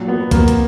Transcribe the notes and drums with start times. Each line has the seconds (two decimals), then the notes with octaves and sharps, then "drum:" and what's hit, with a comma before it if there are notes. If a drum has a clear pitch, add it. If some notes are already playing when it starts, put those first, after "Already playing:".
Already playing: A#2 F#3
0.08 B3
0.31 A#3, drum: kick B1, hi-hat
0.48 drum: hi-hat